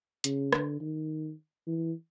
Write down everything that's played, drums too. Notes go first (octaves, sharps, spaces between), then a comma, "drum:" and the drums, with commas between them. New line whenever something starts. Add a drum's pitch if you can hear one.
C#3, drum: hi-hat
D3, drum: rim click
D#3
E3